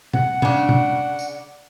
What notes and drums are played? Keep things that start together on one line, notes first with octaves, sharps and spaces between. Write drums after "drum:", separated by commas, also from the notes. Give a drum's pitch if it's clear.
F#5, drum: tom B2
C#3 D4, drum: tom B2
drum: tom B2
drum: tambourine